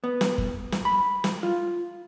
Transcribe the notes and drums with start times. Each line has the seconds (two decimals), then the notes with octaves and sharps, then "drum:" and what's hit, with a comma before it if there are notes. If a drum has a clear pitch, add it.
0.04 B3
0.21 drum: snare
0.38 drum: kick F#1
0.72 drum: snare
0.85 B5
1.24 drum: snare
1.43 F4